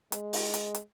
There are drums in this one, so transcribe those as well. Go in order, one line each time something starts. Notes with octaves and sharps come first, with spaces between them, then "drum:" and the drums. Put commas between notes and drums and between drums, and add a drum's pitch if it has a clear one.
G#3, drum: hi-hat
drum: open hi-hat
drum: hi-hat
drum: hi-hat